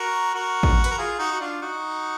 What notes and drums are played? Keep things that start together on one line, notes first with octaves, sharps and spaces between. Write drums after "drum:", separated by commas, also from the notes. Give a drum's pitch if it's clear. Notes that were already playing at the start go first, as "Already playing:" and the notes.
Already playing: F#4 A#4
F#4 A#4
drum: kick A1
B4, drum: hi-hat
A#4
F4 G#4
D#4 F#4
F#4
D4 F4
D#4 F#4